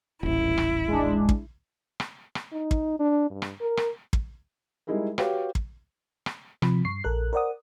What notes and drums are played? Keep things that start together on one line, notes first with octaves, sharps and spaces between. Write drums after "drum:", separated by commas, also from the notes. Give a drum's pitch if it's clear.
D#1 A1 E4
drum: rim click
G#3 D4
drum: kick
drum: rim click
drum: rim click
D#4
drum: kick
D4
G2
drum: rim click
A#4
drum: rim click
drum: kick
G3 G#3 D#4 E4 G#4 A#4
F#4 G4 B4 C#5 F5 G5, drum: rim click
drum: kick
drum: rim click
C3 F3 B5, drum: rim click
G2 C#6 C7
A#1 A4 A#4 F#6
A#4 C5 D5 F#5 D#6